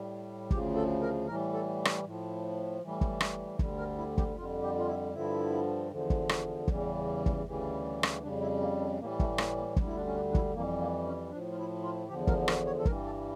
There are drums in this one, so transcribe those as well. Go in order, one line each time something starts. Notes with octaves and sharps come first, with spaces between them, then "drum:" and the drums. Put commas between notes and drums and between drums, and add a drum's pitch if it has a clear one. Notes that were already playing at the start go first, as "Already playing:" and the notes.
Already playing: A2 G3
D2 C#3 F3 G4, drum: kick G1
A4
A#4
A2 E3 G3 A#4
A4
drum: rim click
A2 F3
A2 E3 G3
drum: kick G1
drum: rim click
D2 D3 G3, drum: kick G1
A#4
E4
G4, drum: kick G1
F2 D3 G3 F4
G4
F4
E4
G2 D3 F3 E4
E2 D3 F3
drum: kick G1
drum: rim click
E2 C#3 E3 G3, drum: kick G1
drum: kick G1
D2 C#3 E3 G3
drum: rim click
F2 C#3 G3 D4
E4
A#3
A3
A2 E3 G3 A#3
A3, drum: kick G1
A#3, drum: rim click
A#3
D2 D3 G3, drum: kick G1
E4
D4
C#4
D4
D4
E4, drum: kick G1
F2 E3 G3 A#3
A#3
C#4
A2 F3 D4
F4
E4
F4
E2 D3 F3 G4
A#4, drum: kick G1
A#4, drum: rim click
C#5
A4
G2 E3 G3 A#4, drum: kick G1
A4